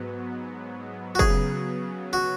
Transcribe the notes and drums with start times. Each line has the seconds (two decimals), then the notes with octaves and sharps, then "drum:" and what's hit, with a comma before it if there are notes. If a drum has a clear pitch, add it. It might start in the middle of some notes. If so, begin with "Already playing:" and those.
Already playing: G#2 F#3 B3
1.15 F#4
1.19 C#3 F#3 B3 G#4, drum: kick
2.13 F#4